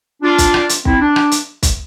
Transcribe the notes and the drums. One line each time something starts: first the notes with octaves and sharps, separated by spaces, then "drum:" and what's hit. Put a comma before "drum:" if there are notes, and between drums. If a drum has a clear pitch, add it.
D4 F4
drum: kick, hi-hat
drum: rim click
drum: hi-hat
C4 E4, drum: kick
D4
drum: rim click
drum: hi-hat
drum: kick, hi-hat